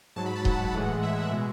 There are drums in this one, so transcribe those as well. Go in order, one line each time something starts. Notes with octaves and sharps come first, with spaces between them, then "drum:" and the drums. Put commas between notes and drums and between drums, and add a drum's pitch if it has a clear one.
G#2 F#3 A5
B5
A5
F#5, drum: kick D#1
A2 E3 G#3
E5
B2 G#3